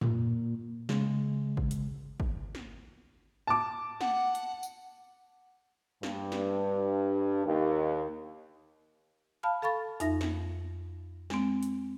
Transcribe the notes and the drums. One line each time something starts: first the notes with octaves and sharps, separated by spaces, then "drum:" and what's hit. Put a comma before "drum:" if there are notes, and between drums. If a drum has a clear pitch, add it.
A#2, drum: tom
C#3 G#3, drum: snare
drum: kick
drum: hi-hat
drum: kick
drum: snare
A5 D6
F#5, drum: snare
drum: hi-hat
drum: tambourine
G2, drum: snare
drum: snare
D#2
F5 A5 B5 F6
A4 F5 B5 C#6 A6
F2 D#4 E5 A#6, drum: hi-hat
drum: snare
G#3 C4, drum: snare
drum: hi-hat